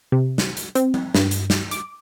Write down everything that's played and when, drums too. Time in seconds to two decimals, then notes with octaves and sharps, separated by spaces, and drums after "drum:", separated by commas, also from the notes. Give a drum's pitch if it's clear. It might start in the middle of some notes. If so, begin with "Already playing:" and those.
0.12 C3
0.38 drum: snare
0.57 drum: hi-hat
0.75 C4, drum: hi-hat
0.94 drum: tom G3
1.15 G2, drum: snare
1.31 drum: hi-hat
1.50 drum: snare
1.71 D6, drum: hi-hat